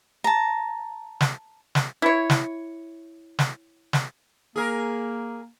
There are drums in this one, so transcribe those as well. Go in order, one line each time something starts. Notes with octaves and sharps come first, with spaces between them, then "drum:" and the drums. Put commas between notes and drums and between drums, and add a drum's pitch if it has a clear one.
A5 A#5
drum: snare
drum: snare
E4 C#5
drum: snare
drum: snare
drum: snare
A#3 G#4 A#4